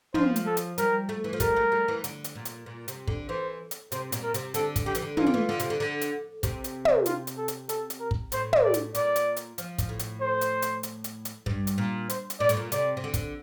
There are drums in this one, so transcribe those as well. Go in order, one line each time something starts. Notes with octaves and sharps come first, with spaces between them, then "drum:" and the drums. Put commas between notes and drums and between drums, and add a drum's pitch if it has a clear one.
F3 C5, drum: tom
drum: hi-hat
A4
drum: hi-hat
G3 A#4, drum: hi-hat
A3
E3
F3
G3 A#4, drum: kick, hi-hat
A3
G3
E3
D3, drum: hi-hat
drum: hi-hat
A#2
drum: hi-hat
A#2
C3, drum: hi-hat
D3, drum: kick
E3 C5
drum: hi-hat
C3 C5, drum: hi-hat
A#2, drum: hi-hat
A#4
C3, drum: hi-hat
D3 A4, drum: hi-hat
drum: kick, hi-hat
D3 G4
E3, drum: hi-hat
D3
E3 F4, drum: tom
D3
E3
D3
C3, drum: hi-hat
D3
D3
drum: hi-hat
C3, drum: kick, hi-hat
drum: hi-hat
drum: tom
F4, drum: hi-hat
drum: hi-hat
A4
drum: hi-hat
A4, drum: hi-hat
drum: hi-hat
A#4
drum: kick
A2 C5, drum: hi-hat
drum: tom
D5
drum: hi-hat
A#2 D5, drum: hi-hat
drum: hi-hat
drum: hi-hat
F3, drum: hi-hat
drum: kick, hi-hat
A2
drum: hi-hat
C5
drum: hi-hat
drum: hi-hat
drum: hi-hat
drum: hi-hat
drum: hi-hat
G2, drum: kick
drum: hi-hat
A#2
C5, drum: hi-hat
drum: hi-hat
A#2 D5
A2, drum: hi-hat
A#2
C3 D5, drum: hi-hat
C3
D3
drum: kick, hi-hat